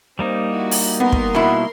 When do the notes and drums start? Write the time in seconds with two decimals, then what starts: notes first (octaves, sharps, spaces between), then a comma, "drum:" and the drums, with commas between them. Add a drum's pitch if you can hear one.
0.19 G3 A#3 C4 D#4
0.53 E4 F#4
0.71 drum: open hi-hat
1.00 B3 A#4 C6
1.12 drum: kick
1.35 B2 E4